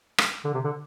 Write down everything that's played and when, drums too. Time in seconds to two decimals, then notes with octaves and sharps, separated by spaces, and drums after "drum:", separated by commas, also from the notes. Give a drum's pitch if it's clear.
0.18 drum: rim click
0.44 D3
0.54 C3
0.65 D3